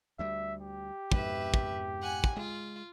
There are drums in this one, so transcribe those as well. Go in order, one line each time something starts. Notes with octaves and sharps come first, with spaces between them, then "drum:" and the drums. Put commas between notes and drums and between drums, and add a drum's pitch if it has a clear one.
D2 G3 E5
G4
F2 G#2 B2 B4 E5, drum: kick
drum: kick
F#5 G#5
drum: kick
G#3 F4